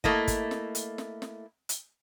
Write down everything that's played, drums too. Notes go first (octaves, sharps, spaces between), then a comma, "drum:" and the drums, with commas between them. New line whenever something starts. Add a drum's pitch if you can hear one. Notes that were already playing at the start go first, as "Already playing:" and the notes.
A3 A#3 E4 D#5, drum: kick
drum: kick, hi-hat
drum: snare
drum: hi-hat
drum: snare
drum: snare
drum: hi-hat